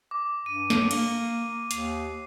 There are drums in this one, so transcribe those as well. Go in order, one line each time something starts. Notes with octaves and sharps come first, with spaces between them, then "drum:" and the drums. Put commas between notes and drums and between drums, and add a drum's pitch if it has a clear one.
D6
G2 D#7
drum: snare
A#3, drum: cymbal
D#2 C7, drum: hi-hat